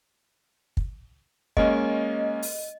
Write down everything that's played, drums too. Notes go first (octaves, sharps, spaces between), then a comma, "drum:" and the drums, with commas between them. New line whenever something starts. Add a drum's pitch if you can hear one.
drum: kick
G#3 A#3 C#4 D#5, drum: kick
drum: open hi-hat